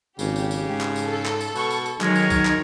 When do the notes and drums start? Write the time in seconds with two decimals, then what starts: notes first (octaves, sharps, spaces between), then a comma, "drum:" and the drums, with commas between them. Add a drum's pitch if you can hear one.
0.19 G#1 C#3 G4, drum: tambourine
0.36 drum: tambourine
0.51 drum: tambourine
0.69 G#2
0.81 drum: clap
0.96 drum: tambourine
1.05 A4
1.26 drum: clap
1.41 drum: tambourine
1.56 B2 C#6, drum: tambourine
1.71 drum: tambourine
1.85 drum: tambourine
2.01 D#3 F#3 G#3 A#4 C#5 G#5, drum: clap
2.15 drum: tambourine
2.30 drum: kick B1, tambourine
2.45 drum: clap